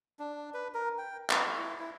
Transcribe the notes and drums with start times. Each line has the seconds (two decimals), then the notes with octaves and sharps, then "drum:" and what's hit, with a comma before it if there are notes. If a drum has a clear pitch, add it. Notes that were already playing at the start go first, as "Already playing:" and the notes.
0.19 D4
0.54 B4
0.74 A#4
0.98 G5
1.30 B4, drum: clap
1.55 E4
1.79 E4